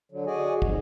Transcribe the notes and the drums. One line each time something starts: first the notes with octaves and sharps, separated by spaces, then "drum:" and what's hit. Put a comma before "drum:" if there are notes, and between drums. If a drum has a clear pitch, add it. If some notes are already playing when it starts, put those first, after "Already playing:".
D3 F#3
F#4 G#4 D5 D#5 G#5
F2 G#2, drum: kick